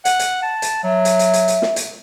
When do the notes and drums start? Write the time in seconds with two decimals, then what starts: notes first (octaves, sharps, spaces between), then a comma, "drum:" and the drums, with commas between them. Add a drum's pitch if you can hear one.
0.05 F#5, drum: hi-hat
0.19 drum: hi-hat
0.43 A5
0.62 drum: hi-hat
0.84 F#3 E5
1.05 drum: hi-hat
1.19 drum: hi-hat
1.34 drum: hi-hat
1.48 drum: hi-hat
1.62 drum: snare
1.76 drum: hi-hat